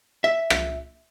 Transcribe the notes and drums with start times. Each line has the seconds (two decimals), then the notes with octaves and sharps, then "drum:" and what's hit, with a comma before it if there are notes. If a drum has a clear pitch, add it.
0.24 E5
0.50 drum: rim click